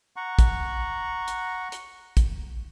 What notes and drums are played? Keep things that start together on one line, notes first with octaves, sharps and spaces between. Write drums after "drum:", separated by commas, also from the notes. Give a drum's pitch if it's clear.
F#5 A#5 C#6
drum: kick, hi-hat
drum: hi-hat
drum: hi-hat
drum: kick, hi-hat